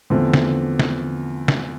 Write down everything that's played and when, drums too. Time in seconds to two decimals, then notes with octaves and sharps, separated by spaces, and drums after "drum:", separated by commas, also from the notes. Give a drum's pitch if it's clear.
0.10 E2 D3 F3 A3 C4
0.34 drum: snare
0.79 drum: snare
1.48 drum: snare